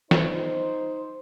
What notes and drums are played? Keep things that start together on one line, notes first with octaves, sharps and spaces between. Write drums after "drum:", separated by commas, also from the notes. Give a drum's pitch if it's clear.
D#4 C5, drum: snare